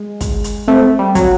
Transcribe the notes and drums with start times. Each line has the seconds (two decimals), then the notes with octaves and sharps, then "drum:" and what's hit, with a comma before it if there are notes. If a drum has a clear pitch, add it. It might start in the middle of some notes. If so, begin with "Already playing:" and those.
Already playing: G#3
0.21 drum: kick, hi-hat
0.44 drum: hi-hat
0.68 A3 C4
0.99 G3
1.15 F#3, drum: kick, hi-hat